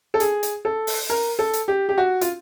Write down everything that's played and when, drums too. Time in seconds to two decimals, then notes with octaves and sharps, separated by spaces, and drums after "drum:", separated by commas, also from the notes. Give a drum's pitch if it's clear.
0.14 A4
0.20 G#4, drum: hi-hat
0.43 drum: hi-hat
0.65 A4
0.87 drum: open hi-hat
1.10 A#4
1.39 A4
1.53 drum: hi-hat
1.68 G4
1.89 G4
1.98 F#4
2.21 F4, drum: hi-hat